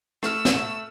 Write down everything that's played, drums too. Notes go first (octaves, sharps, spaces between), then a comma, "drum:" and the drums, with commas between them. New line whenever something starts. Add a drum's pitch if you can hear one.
A3 C#6 E6 F6, drum: rim click
drum: snare